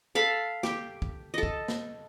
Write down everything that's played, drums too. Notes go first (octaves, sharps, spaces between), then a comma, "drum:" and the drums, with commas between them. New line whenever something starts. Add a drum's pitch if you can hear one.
A4 F5 B5
G4 G5, drum: snare
drum: kick
A4 D#5
drum: kick
drum: snare